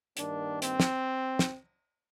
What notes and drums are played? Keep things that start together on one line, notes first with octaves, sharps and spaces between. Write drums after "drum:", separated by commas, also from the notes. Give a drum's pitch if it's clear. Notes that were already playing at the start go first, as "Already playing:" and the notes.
G2 D#3 A#3 D4, drum: hi-hat
C4, drum: hi-hat
drum: snare
drum: snare